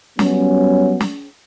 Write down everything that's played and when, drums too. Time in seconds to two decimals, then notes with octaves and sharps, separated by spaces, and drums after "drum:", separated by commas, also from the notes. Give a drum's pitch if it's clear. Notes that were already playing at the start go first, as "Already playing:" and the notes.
0.19 F#3 G3 B3 C#4, drum: snare
1.01 drum: snare